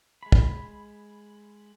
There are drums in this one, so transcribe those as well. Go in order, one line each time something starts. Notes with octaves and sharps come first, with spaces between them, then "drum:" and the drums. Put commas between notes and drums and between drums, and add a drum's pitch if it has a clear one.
G#3 B5
drum: kick